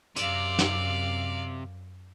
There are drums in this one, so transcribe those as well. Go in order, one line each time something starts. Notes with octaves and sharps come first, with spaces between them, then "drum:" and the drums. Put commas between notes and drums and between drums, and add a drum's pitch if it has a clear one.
F#2 C3 D5 F5, drum: hi-hat
drum: snare